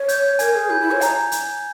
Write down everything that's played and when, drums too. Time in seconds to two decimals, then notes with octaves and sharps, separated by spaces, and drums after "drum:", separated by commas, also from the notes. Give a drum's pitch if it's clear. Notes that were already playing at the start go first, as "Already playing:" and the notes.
Already playing: C#5
0.09 G6, drum: hi-hat
0.39 A#4 G#5 G#6, drum: hi-hat
0.55 G#4
0.70 E4 G6
0.80 E4
0.91 C#5
1.01 A#5, drum: hi-hat
1.32 drum: hi-hat